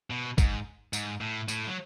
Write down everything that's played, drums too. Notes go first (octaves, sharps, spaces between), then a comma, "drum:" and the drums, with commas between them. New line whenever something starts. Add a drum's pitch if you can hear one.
B2
G#2, drum: kick, tambourine
G#2, drum: tambourine
A2
A2, drum: tambourine
F#3